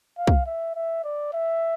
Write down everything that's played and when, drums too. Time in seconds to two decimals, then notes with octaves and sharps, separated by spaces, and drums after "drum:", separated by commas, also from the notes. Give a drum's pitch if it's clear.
0.18 F5
0.27 drum: kick
0.46 E5
0.75 E5
1.04 D5
1.33 E5